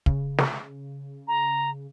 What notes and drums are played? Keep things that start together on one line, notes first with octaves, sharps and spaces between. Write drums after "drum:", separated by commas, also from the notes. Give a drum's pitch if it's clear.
C#3, drum: kick
drum: snare
A#5